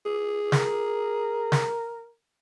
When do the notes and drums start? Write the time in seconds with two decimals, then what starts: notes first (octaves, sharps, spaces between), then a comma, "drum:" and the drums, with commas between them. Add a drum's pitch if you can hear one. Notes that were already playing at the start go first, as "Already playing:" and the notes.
0.06 G#4
0.52 A#4, drum: snare
1.52 drum: snare